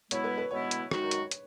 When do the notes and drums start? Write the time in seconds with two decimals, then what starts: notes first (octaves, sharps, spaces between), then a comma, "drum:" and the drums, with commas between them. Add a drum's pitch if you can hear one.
0.11 B2 G#3 B3 E4 C#5, drum: hi-hat
0.24 B4
0.38 B4
0.51 B2 G#3 B3 E4 C#5
0.71 drum: hi-hat
0.91 F#2 D#3 G#3 D#4 F#4, drum: rim click
1.11 drum: hi-hat
1.31 drum: hi-hat